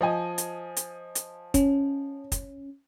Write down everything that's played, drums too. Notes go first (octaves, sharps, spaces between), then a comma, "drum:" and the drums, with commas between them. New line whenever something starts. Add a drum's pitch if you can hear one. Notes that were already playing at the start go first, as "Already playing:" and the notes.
F3 D#5 G#5
drum: hi-hat
drum: hi-hat
drum: hi-hat
C#4, drum: kick, hi-hat
drum: kick, hi-hat